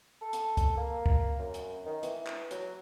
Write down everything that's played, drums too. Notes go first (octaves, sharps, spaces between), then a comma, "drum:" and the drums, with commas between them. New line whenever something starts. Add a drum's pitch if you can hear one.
A4
drum: hi-hat
drum: kick, hi-hat
A#3
drum: kick
F#2
drum: hi-hat
D#3
E3, drum: hi-hat
drum: clap
F#3, drum: hi-hat